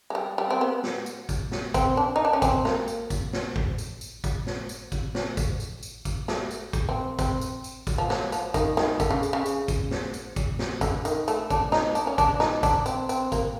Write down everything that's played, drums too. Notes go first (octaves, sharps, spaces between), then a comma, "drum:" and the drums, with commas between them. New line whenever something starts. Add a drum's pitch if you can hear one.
G#3
G3
G3
C4
B3
drum: snare
drum: tambourine
drum: kick G#1, tambourine
drum: snare
C4, drum: kick G#1, tambourine
D4
D#4
D4
C#4
C4, drum: kick G#1, tambourine
A#3, drum: snare
drum: tambourine
drum: kick G#1, tambourine
drum: snare
drum: kick G#1
drum: tambourine
drum: tambourine
drum: kick G#1, tambourine
drum: snare
drum: tambourine
drum: kick G#1, tambourine
drum: snare
drum: kick G#1, tambourine
drum: tambourine
drum: tambourine
drum: kick G#1, tambourine
A3, drum: snare
drum: tambourine
drum: kick G#1, tambourine
C4
C4, drum: kick G#1, tambourine
drum: tambourine
drum: tambourine
drum: kick G#1, tambourine
F3
F#3, drum: snare
F3, drum: tambourine
D#3, drum: kick G#1, tambourine
D#3, drum: snare
D3, drum: kick G#1, tambourine
C#3
drum: tambourine
C#3
drum: tambourine
drum: kick G#1, tambourine
drum: snare
drum: tambourine
drum: kick G#1, tambourine
drum: snare
D3, drum: kick G#1, tambourine
D#3, drum: tambourine
A3, drum: tambourine
D4, drum: kick G#1, tambourine
D#4, drum: snare
D4, drum: tambourine
C#4
D4, drum: kick G#1, tambourine
D#4, drum: snare
D4, drum: kick G#1, tambourine
C4, drum: tambourine
C4, drum: tambourine
A#3, drum: kick G#1, tambourine